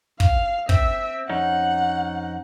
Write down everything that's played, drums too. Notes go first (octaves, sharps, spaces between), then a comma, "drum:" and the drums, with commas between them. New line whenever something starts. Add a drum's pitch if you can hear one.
F5, drum: kick
C4 E5, drum: kick
F2 C#4 D#4 F#5